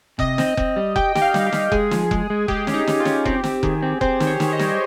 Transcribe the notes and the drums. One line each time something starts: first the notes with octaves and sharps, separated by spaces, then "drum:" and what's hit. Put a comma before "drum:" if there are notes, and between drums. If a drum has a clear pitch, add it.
C3 D#5, drum: kick F1
C4, drum: snare
C4, drum: kick F1
G3
G4 G5, drum: kick F1
G4, drum: snare
F5
G3, drum: snare
G4
G3, drum: snare
G#3 G#4, drum: kick F1
F3, drum: snare
G#3, drum: kick F1
G#3
G#3 G4, drum: kick F1
C#4, drum: snare
D#4
C#4, drum: snare
F4
C#4, drum: snare
C4 G4, drum: kick F1
C4, drum: snare
D#3 G#4, drum: kick F1
C4
C4 C5, drum: kick F1
D#3, drum: snare
C#5
D#3, drum: snare
D#5
G3, drum: snare